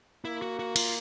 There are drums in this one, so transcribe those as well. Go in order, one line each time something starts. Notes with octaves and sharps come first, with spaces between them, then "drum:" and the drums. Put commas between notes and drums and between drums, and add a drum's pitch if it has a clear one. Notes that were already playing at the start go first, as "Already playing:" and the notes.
A#3 E4
F#4
F#4
F4, drum: cymbal